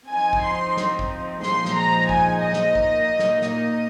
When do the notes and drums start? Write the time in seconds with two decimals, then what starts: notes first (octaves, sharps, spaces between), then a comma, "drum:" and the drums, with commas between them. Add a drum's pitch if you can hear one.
0.11 F3 C4 D#4 G#5
0.33 drum: kick
0.44 C6
0.77 drum: snare
0.99 drum: kick
1.43 A#2 F3 G#3 D#4 C6, drum: snare
1.65 drum: snare
1.76 A#5
2.09 G#5, drum: kick
2.42 D#5
2.53 drum: snare
2.75 A#2 A#3 D#4, drum: kick
3.19 drum: snare
3.42 D#5, drum: snare